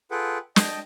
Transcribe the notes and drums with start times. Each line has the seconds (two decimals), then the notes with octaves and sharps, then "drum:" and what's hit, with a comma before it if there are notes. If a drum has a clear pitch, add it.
0.11 F4 G#4 A4 B4 F#5 G5
0.56 D#5 G5 A5, drum: snare